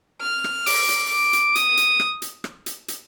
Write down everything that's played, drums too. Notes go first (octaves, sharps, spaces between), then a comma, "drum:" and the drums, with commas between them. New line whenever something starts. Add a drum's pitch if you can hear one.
F6
drum: rim click
D6, drum: open hi-hat
drum: hi-hat
D6
drum: hi-hat
D#6, drum: hi-hat
drum: hi-hat
drum: rim click
drum: hi-hat
drum: rim click
drum: hi-hat
drum: hi-hat